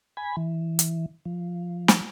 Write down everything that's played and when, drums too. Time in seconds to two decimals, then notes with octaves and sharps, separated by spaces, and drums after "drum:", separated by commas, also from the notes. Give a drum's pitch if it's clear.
0.17 G#5 B5
0.37 E3
0.79 drum: hi-hat
1.25 F3
1.88 drum: snare